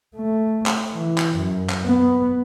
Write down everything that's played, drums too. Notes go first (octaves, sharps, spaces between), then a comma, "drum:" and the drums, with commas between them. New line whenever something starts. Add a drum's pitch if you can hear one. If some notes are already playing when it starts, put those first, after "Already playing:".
A3
drum: clap
E3
drum: clap
F#2
drum: clap
B3